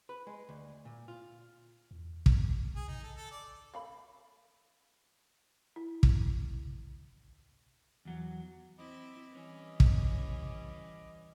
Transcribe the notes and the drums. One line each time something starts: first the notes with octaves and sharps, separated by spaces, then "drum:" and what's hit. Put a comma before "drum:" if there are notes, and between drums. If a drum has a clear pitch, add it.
B4
G#3
D2
A#2
F4
E2
drum: kick
G#4
D#4
A4
A4
D5
A3 F5 B5
E4
drum: kick
E2 F#3
C4 E4 D#5 B5 D6
E3 G3 C#4
drum: kick